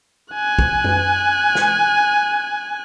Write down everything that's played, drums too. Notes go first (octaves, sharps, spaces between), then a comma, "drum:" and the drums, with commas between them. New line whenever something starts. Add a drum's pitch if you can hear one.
G#5 F#6
drum: kick
drum: tom F#2
drum: snare